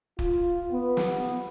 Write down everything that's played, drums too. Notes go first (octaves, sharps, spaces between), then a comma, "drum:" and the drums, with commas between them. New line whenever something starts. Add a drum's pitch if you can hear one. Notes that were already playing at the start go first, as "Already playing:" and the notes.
F4, drum: kick
B3
drum: snare